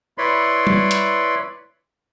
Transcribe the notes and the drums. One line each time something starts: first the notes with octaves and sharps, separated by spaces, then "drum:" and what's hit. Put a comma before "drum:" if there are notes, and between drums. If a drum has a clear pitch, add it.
E4 B4 C#5 D5 B5 C6
drum: tom G3
drum: hi-hat